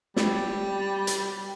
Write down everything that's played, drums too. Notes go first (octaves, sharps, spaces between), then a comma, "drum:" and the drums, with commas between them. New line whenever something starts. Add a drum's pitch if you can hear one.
G3, drum: snare
drum: hi-hat